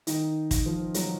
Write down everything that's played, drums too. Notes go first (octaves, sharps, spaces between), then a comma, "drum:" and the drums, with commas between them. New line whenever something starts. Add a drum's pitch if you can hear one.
D#3 D#4, drum: hi-hat
drum: kick, hi-hat
F3 F4
F#3 F#4, drum: hi-hat